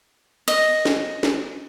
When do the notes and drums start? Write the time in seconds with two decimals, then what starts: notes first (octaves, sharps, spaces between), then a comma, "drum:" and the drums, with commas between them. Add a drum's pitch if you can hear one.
0.48 D#5, drum: cymbal
0.85 drum: snare
1.23 drum: snare